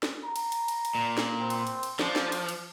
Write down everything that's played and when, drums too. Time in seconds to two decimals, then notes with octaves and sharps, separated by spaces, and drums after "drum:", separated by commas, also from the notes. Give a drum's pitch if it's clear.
0.03 drum: snare
0.24 A#5
0.36 drum: cymbal
0.52 drum: cymbal
0.68 drum: cymbal
0.85 drum: cymbal
0.95 A#2
1.17 drum: snare
1.40 C4
1.50 drum: cymbal
1.67 drum: cymbal
1.83 drum: cymbal
1.99 F3 D4, drum: snare
2.16 drum: snare
2.32 drum: cymbal
2.49 drum: cymbal